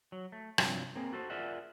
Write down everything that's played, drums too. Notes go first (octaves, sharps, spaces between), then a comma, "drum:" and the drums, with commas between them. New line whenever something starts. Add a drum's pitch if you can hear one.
F#3
A3
G2 C3 F3 F#3, drum: rim click
A#3 C4 G#4
F#4 A4 C5
F4 G#4 A#4 D5 E5 F#5